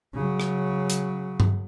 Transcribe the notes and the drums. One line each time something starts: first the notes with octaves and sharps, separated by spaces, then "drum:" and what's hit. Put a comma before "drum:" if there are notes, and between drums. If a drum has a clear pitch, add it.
C#3 F#3
drum: rim click
drum: hi-hat
drum: tom G2